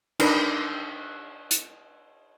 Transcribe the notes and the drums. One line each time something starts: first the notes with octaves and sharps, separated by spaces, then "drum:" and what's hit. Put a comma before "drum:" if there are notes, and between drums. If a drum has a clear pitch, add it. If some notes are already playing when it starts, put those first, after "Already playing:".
D4 D#4 A#4 B4, drum: cymbal
drum: hi-hat